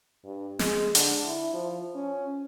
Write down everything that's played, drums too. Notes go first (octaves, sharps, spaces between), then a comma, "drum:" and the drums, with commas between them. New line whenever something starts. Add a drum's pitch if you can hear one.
G2
G#3, drum: snare
D3, drum: hi-hat
E4
F3
C#4